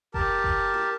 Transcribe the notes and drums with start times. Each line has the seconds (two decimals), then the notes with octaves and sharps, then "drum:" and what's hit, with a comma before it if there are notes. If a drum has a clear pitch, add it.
0.14 G4 A#4 A5, drum: kick F#1
0.44 drum: kick F#1
0.74 drum: tom E4